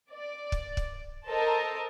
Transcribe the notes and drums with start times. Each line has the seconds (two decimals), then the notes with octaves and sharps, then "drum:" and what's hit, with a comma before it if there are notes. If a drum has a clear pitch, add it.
0.12 D5
0.52 drum: kick
0.77 drum: kick
1.27 A4 A#4 C5 D#5 A5 A#5